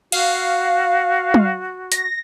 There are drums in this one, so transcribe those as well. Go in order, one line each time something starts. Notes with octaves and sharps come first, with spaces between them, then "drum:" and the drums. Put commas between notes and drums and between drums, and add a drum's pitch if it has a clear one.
F#4 F5, drum: cymbal
drum: tom
A#6, drum: hi-hat